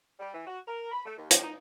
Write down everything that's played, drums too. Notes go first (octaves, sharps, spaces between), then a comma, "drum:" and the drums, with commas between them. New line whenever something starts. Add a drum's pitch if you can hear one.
G3
E3
F#4
A#4
B5
A3
D#2
A2, drum: hi-hat
D#4